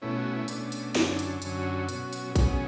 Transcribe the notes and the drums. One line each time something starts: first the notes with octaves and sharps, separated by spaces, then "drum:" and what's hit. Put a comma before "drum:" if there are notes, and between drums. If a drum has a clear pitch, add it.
B2 A3 C#4 E4
F#4
E4
B2 A3 C#4 D4, drum: hi-hat
drum: hi-hat
F#2 D3 F#3 C#4, drum: snare
drum: hi-hat
F#2 D3 F#3 C#4, drum: hi-hat
F#4
F#4
B2 F#3 C#4, drum: hi-hat
drum: hi-hat
B2 F#3 C#4 G#4, drum: kick, hi-hat